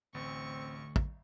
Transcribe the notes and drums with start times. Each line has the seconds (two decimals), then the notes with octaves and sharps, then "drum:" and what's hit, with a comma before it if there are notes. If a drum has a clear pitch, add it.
0.15 A1 D2 C4 C#6
0.96 drum: kick